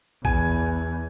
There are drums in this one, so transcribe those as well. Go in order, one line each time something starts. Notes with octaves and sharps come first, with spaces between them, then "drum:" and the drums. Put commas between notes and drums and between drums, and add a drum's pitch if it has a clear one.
E2 G#5, drum: kick A#1